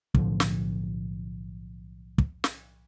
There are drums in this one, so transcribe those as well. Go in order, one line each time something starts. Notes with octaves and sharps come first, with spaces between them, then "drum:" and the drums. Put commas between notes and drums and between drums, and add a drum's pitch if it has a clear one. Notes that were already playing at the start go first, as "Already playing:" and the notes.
B1 A2 D3 F3, drum: kick
drum: snare
drum: kick
drum: snare